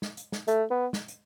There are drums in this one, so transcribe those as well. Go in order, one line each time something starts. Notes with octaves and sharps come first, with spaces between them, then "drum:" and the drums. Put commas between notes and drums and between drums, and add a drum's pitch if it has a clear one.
drum: snare
drum: hi-hat
drum: snare
A3, drum: hi-hat
B3
drum: snare
drum: hi-hat